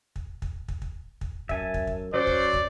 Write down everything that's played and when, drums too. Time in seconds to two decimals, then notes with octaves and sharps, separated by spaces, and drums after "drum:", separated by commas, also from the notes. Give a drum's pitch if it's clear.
0.16 drum: kick
0.42 drum: kick
0.68 drum: kick
0.82 drum: kick
1.21 drum: kick
1.49 F#2 E5 G#5 A5, drum: kick
1.74 drum: kick
1.87 drum: kick
2.14 F#3 C#4 F#4 C5 D5 F#5
2.27 drum: kick
2.53 drum: kick